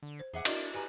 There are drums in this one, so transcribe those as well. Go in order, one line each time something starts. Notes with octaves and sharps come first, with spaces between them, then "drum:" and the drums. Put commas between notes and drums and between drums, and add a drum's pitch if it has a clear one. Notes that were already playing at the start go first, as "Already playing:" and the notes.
D3
C5
E2 G#4 E5 F#5
D4 E4 F#4 A#4 D5 D#5, drum: cymbal
G4 B4 G#5 A#5